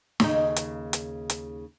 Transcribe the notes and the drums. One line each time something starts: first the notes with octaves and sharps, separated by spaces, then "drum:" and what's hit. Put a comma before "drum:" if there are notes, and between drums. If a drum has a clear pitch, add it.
D#2 C#3 D#4, drum: snare
drum: hi-hat
drum: hi-hat
drum: hi-hat